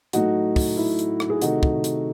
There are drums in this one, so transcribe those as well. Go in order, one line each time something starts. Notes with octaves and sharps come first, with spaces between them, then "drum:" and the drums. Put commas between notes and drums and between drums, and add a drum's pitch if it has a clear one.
A2 F#3 A3 D#4 F#4, drum: hi-hat
drum: kick, open hi-hat
E4
drum: hi-hat
drum: rim click
G#4
C3 D#3 A3 D#4 F#4, drum: hi-hat
drum: kick
drum: hi-hat